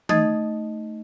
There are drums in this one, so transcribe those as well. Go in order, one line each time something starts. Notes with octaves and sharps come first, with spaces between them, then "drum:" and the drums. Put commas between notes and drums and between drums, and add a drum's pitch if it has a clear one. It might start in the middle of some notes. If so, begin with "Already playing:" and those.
A3 D#4 D#5 D#6 G#6 A6, drum: tom